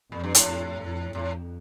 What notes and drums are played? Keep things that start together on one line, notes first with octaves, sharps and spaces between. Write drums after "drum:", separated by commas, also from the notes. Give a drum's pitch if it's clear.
F2 A#2
G2
A2, drum: hi-hat
F2
F2
F2 A2